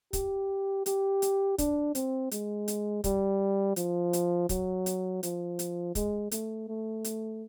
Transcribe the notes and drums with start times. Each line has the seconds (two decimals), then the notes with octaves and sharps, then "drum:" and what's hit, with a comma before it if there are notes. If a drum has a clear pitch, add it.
0.13 G4, drum: kick, hi-hat
0.86 G4, drum: hi-hat
1.22 drum: hi-hat
1.58 D4, drum: kick, hi-hat
1.95 C4, drum: hi-hat
2.31 G#3, drum: hi-hat
2.68 drum: hi-hat
3.04 G3, drum: kick, hi-hat
3.76 F3, drum: hi-hat
4.13 drum: hi-hat
4.49 F#3, drum: kick, hi-hat
4.86 drum: hi-hat
5.23 F3, drum: hi-hat
5.59 drum: hi-hat
5.95 G#3, drum: kick, hi-hat
6.31 A3, drum: hi-hat
6.68 A3
7.04 drum: hi-hat